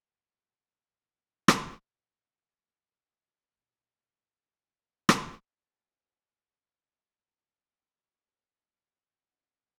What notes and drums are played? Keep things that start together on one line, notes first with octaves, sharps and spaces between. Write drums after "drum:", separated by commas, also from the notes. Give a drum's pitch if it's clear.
A#2 F#3
drum: rim click
A#2 D3
drum: rim click
A3 C4 F#4 G#5 A5
A3 G5 B5 C6 E6
A3 F#4 C#6 F6 C#7
C4 G4 C5 C#5
B3 C4
G4 G5
C4 C#4 E4 G#4 D#5 F#5